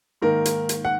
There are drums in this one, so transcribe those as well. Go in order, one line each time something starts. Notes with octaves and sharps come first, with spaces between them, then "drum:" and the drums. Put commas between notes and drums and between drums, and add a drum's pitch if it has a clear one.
G#2 D#3 A#3 A#4
drum: hi-hat
drum: hi-hat
F#5